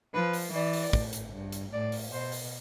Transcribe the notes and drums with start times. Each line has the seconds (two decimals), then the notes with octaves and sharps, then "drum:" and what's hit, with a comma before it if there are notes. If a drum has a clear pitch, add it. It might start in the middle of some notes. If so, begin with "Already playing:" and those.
0.14 F3 B4
0.33 drum: open hi-hat
0.53 E3 D5
0.73 drum: open hi-hat
0.93 A2, drum: kick
1.13 drum: hi-hat
1.33 G2
1.52 drum: hi-hat
1.72 A2 D5
1.92 drum: open hi-hat
2.12 B2 C5
2.32 drum: open hi-hat